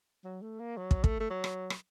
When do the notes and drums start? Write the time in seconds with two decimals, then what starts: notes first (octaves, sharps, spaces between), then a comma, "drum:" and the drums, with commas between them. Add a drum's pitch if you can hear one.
0.24 F#3
0.42 A3
0.59 A#3
0.77 F#3
0.91 drum: kick
1.04 A3, drum: kick
1.20 A3
1.30 F#3
1.44 drum: rim click
1.70 drum: rim click